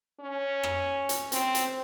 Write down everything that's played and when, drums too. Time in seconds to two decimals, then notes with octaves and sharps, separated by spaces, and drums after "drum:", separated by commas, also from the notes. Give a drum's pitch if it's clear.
0.20 C#4
0.63 drum: rim click
1.09 drum: hi-hat
1.32 C4, drum: hi-hat
1.55 drum: hi-hat